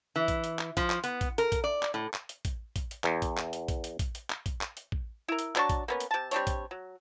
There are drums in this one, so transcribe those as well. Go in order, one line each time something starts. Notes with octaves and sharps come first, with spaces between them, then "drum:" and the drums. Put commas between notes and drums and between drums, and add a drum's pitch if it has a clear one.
E3
drum: kick, hi-hat
drum: hi-hat
drum: clap
F3, drum: kick, hi-hat
drum: clap
B3, drum: hi-hat
drum: kick, hi-hat
A#4, drum: hi-hat
drum: kick, hi-hat
D5
drum: clap
A2
drum: clap
drum: hi-hat
drum: kick, hi-hat
drum: kick, hi-hat
drum: hi-hat
E2, drum: clap
drum: kick, hi-hat
drum: clap
drum: hi-hat
drum: kick, hi-hat
drum: hi-hat
drum: kick, hi-hat
drum: hi-hat
drum: clap
drum: kick, hi-hat
drum: clap
drum: hi-hat
drum: kick
E4 A#4
drum: hi-hat
F#3 D4 A5 C#6, drum: clap
drum: kick, hi-hat
A#3 B3 C#4
drum: hi-hat
C3 A5
G3 C4 D4 C#5, drum: hi-hat
drum: kick, hi-hat
F#3